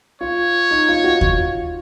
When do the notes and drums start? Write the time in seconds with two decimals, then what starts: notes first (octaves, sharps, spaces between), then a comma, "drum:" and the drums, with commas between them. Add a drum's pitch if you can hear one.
0.21 F4 C#5
0.71 D#4
0.88 F4
1.04 F#4
1.21 F4, drum: kick D#2